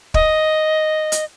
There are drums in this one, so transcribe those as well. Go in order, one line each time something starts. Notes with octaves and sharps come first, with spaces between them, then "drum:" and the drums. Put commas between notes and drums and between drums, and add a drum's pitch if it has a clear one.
D#5, drum: kick
drum: hi-hat